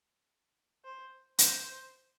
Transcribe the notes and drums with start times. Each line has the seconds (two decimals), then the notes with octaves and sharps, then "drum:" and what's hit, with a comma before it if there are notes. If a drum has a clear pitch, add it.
0.85 C5
1.38 C5, drum: hi-hat